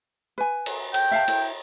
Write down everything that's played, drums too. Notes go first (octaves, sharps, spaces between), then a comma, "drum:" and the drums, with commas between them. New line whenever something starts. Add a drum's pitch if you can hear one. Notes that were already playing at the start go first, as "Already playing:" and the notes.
B4 G#5
drum: cymbal
G5, drum: cymbal
E5 F5 A5
E4, drum: cymbal